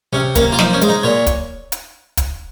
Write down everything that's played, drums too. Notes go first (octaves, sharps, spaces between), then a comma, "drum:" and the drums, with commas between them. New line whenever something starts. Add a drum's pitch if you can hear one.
C3 C#4
A#3 C#4, drum: kick, hi-hat
F4
F3 D#4, drum: snare
C#4
G#3, drum: hi-hat
D#4
A#2 C#5
drum: kick, hi-hat
drum: hi-hat
drum: kick, hi-hat